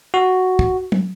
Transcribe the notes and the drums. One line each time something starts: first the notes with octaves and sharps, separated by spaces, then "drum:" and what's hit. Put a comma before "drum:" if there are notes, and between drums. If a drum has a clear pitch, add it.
F#4
drum: kick
drum: tom